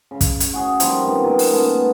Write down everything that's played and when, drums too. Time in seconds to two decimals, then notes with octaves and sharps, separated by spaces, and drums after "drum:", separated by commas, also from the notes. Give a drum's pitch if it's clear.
0.11 C#3
0.21 drum: kick, hi-hat
0.40 drum: hi-hat
0.54 F#4 G#4 C#5
0.80 F3 G3 A#3 D#4, drum: hi-hat
1.05 C3 D#3 B3
1.24 A#2 A#4 D#5
1.39 drum: open hi-hat
1.53 A3 B3 C#4 F4